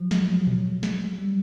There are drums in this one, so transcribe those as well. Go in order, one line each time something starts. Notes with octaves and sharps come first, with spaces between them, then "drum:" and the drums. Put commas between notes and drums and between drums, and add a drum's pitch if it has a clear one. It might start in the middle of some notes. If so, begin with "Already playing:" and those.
Already playing: F3 F#3
F#3, drum: snare
F#3
drum: tom A#2
drum: snare
G3